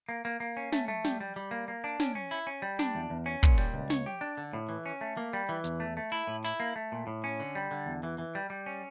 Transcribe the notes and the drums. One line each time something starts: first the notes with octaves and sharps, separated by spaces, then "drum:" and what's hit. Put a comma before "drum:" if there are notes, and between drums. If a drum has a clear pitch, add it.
A#3
A#3
A#3
C#4
A3, drum: snare
A3
G3, drum: snare
G3
G3
A#3
A#3
D4
C#4, drum: snare
C#4
E4
C#4
G3
D4, drum: snare
E2
E2
C#4
A#2, drum: kick
G3, drum: open hi-hat
C#2
C#5, drum: snare
G4
D4
D3
A2
E3
C#4
A3
A#3
G3
E3
E2, drum: hi-hat
A3
A3
E4
A2
E4, drum: hi-hat
A#3
A3
A#2
A2
C#4
D3
G3
D3
E2
E3
E3
G3
G3
C#4